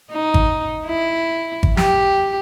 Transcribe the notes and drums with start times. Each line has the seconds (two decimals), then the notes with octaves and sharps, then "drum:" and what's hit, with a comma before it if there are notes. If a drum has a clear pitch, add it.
0.12 D#4
0.34 drum: kick G#1
0.86 E4
1.63 drum: kick G#1
1.77 G4, drum: snare